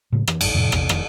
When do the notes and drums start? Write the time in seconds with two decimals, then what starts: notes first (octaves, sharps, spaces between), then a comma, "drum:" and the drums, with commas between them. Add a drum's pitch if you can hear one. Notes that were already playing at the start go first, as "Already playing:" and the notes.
0.12 A2 C#3 G#3
0.27 E3, drum: rim click
0.41 G#1 F#2, drum: cymbal
0.54 F2 A2 C3 F3
0.72 A#1 E2 C3, drum: rim click
0.89 F1 D#3, drum: rim click